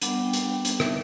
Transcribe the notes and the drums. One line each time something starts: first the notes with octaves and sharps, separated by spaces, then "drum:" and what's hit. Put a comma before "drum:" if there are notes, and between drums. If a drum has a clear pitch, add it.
G3 B3 D4 F#5, drum: hi-hat
G5
drum: hi-hat
G5
drum: hi-hat
E5, drum: rim click